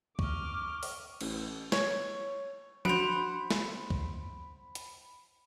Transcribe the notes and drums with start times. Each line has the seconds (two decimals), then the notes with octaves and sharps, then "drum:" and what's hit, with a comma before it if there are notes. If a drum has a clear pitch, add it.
0.19 C#6 D6 F6 G7, drum: kick
0.83 drum: open hi-hat
1.21 A1, drum: cymbal
1.72 C#5, drum: snare
2.85 D4 F#4 C5 F#5 B5 D7 F7, drum: tom F3
3.51 drum: snare
3.90 drum: kick
4.75 drum: hi-hat